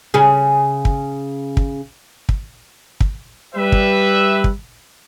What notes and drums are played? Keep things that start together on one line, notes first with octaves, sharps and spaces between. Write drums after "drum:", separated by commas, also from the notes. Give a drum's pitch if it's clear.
C#3 G#4
drum: kick
drum: kick
drum: kick
drum: kick
G3 B4 E5
drum: kick
drum: kick